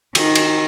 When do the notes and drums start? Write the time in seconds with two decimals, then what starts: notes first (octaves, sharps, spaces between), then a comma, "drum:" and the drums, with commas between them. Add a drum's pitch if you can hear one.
0.15 D#3, drum: cymbal
0.35 drum: cymbal